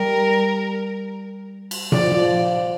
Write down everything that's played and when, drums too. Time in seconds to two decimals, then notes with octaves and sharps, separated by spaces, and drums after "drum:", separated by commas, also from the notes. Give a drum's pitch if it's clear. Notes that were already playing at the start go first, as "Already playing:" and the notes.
Already playing: G3 A#4
1.71 drum: cymbal
1.92 F3 D5, drum: tom A#2
2.12 F3